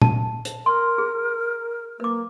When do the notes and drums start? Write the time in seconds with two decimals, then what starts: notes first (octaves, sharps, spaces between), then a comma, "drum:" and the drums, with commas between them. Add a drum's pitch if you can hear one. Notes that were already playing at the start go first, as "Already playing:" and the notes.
0.02 A5, drum: tom
0.45 drum: hi-hat
0.66 A#4 C6
0.98 G#4
2.00 A#3 B4 D6